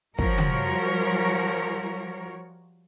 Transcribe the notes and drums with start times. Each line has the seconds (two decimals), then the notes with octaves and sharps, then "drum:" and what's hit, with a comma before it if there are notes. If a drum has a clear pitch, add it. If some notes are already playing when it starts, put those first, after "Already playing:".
0.19 F3 G3 F#4 A#4 C#5, drum: kick
0.38 drum: tom C#3